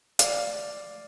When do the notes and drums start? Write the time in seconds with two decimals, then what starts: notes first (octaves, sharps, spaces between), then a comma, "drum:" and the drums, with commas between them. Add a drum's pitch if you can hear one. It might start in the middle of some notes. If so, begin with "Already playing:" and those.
0.19 D5 F5, drum: hi-hat